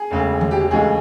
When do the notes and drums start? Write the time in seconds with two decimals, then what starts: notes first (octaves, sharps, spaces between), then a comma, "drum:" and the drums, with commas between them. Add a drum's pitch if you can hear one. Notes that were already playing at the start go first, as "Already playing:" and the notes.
Already playing: G#4
0.11 E1 D2 C#3
0.41 drum: tom D3
0.51 G4
0.61 G4
0.71 D2 C#3 E3 G#3 G#4